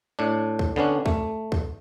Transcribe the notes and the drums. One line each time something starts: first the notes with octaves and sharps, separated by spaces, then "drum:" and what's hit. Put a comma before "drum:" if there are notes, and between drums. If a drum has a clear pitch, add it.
A2 D4
drum: kick
D3 B3 C#4 D4
A3, drum: kick
drum: kick